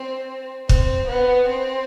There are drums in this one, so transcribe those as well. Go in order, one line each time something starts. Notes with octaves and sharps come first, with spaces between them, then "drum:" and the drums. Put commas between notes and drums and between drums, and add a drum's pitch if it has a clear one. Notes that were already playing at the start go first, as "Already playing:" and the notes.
Already playing: C4
C4, drum: kick
B3
C4